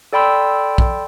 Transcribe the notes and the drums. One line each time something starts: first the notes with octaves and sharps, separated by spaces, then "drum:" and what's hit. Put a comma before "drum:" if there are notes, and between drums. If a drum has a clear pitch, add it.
A4 D5 G5 B5 C6 E6
drum: kick